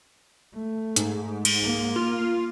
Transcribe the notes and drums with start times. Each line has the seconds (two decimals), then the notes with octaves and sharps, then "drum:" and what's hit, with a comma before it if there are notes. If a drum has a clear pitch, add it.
0.54 A3
0.96 G#2, drum: hi-hat
1.45 drum: cymbal
1.63 A#3
1.96 F4